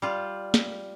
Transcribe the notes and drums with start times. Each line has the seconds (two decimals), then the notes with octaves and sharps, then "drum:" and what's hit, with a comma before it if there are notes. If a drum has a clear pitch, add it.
0.02 G3 F4
0.54 drum: snare